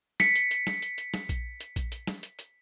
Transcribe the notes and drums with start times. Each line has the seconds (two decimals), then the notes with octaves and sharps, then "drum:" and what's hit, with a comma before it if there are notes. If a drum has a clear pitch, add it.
0.20 B6 C#7, drum: snare
0.35 drum: hi-hat
0.51 drum: hi-hat
0.67 drum: snare
0.82 drum: hi-hat
0.98 drum: hi-hat
1.14 drum: snare
1.29 drum: kick A#1, hi-hat
1.61 drum: hi-hat
1.76 drum: kick A#1, hi-hat
1.92 drum: hi-hat
2.07 drum: snare
2.23 drum: hi-hat
2.39 drum: hi-hat